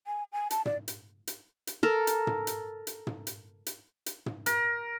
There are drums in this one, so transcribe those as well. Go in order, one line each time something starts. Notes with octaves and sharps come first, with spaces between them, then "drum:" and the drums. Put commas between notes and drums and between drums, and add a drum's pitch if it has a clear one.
G#5
G#5
A5, drum: hi-hat
D5, drum: tom
drum: hi-hat
drum: hi-hat
drum: hi-hat
A4 A#4
drum: hi-hat
drum: tom
drum: hi-hat
drum: hi-hat
drum: tom
drum: hi-hat
drum: hi-hat
drum: hi-hat
drum: tom
A#4, drum: hi-hat